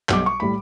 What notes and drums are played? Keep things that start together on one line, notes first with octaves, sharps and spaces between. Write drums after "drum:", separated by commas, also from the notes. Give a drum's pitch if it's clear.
B1 B2 G3 D6, drum: clap
C#6
A2 G3 B5